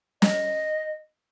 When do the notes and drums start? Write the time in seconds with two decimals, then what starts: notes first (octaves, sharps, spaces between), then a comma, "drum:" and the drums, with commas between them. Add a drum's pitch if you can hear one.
0.22 D#5, drum: snare